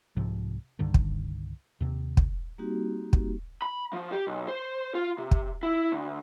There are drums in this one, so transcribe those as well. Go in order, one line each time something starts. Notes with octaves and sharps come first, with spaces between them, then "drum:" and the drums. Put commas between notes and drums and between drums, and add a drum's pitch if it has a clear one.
C2 G#2 C3 F3
C2 G2 D3 D#3
drum: kick
D#2 C3
drum: kick
G3 A#3 C4 D#4 F#4 G4
drum: kick
B5
F3
G4
B1
C5
F4
C3
drum: kick
E4
D2